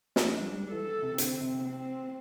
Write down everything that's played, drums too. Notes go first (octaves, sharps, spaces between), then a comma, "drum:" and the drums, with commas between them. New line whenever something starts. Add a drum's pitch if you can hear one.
drum: snare
F3 D4
G3
G3
E3 A4
C3
D3 C4, drum: hi-hat
C3
C4